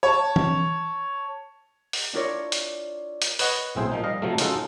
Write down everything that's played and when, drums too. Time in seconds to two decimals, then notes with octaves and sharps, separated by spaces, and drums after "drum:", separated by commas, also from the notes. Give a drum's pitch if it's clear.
0.03 C#5 A5
0.36 drum: tom E3
1.93 drum: open hi-hat
2.13 D4 E4 F4 A#4 C#5 D5
2.52 drum: hi-hat
3.22 drum: hi-hat
3.39 B4 C#5 D#5 F#5, drum: open hi-hat
3.76 B1 A2 C4 E4 G#4 C5
3.92 A#2 F3 D#4
4.04 G3 D#5 F5
4.22 C3 F3 F#3 A3
4.38 G#3 C#4 D#4 F4 F#4 A4, drum: hi-hat